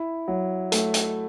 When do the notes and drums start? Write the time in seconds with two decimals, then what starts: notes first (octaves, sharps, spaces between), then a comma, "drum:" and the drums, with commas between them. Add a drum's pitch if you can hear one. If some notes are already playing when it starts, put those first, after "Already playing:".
Already playing: E4
0.28 F#3
0.72 A3, drum: hi-hat
0.94 drum: hi-hat